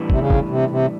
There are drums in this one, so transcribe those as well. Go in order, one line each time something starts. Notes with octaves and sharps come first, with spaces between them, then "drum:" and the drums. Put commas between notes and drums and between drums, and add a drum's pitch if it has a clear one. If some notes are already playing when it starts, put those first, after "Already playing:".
Already playing: A2 E3 G3 B3 D4
C3, drum: kick
C#3
drum: kick
C3
C3